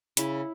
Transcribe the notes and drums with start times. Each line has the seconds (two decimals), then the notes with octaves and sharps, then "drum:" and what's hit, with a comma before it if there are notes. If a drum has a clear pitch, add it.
0.17 C#3 E4, drum: hi-hat